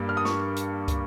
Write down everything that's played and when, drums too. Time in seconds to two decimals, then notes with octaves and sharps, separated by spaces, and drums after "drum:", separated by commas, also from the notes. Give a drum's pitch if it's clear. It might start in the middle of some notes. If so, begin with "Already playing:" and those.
Already playing: G2 G3 A#3
0.09 F6
0.17 D#6
0.25 C#6, drum: snare
0.56 drum: hi-hat
0.88 drum: kick, hi-hat